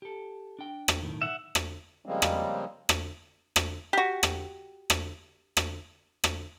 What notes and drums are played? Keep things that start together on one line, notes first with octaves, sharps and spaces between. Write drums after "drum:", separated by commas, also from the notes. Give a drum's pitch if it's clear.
G4 A4
D4 G5
drum: rim click
B1 A2 D#3
E5 F#5
drum: rim click
C#3 F3 G3 G#3 A#3 C4
drum: rim click
drum: rim click
drum: rim click
F#4 G4
drum: rim click
drum: rim click
drum: rim click
drum: rim click